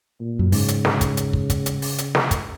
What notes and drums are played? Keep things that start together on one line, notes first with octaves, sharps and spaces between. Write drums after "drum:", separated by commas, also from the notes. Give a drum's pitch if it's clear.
A#2
F#2
G#2 C#3, drum: open hi-hat
drum: hi-hat
drum: snare
drum: kick, hi-hat
drum: hi-hat
drum: kick
drum: kick, hi-hat
drum: hi-hat
drum: open hi-hat
drum: hi-hat
drum: snare
drum: kick, hi-hat